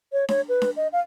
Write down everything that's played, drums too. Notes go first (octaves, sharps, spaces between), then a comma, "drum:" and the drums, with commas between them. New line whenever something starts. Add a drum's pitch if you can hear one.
C#5
C#5, drum: snare D4
B4
drum: snare D4
D#5
F5